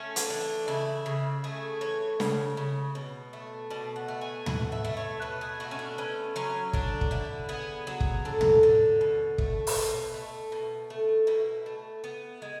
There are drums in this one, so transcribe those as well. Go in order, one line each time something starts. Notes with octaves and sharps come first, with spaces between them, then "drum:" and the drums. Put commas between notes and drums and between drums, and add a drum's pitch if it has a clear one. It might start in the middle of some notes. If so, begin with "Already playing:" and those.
Already playing: A3 C#4
drum: hi-hat
E3 D4
C#3 E4
C#3
A3 G#4
E3 C#5
C#3, drum: snare
C#3
B2
A3
B2 D5
F#5
A3
G#5
B2 F#5, drum: tom
E5
A3
C#5
B2 B4
G#4
A3 F#4
C#4
D4
B3 C#4
F#3 C#4
D3 D4, drum: kick
drum: kick
D3 E4
B3 G#4
F#3
drum: kick
D3 A4
drum: tom
D3
B2
A3, drum: kick
drum: open hi-hat
B2
A3
B2
A3
B2 E4
A3
B3
G#3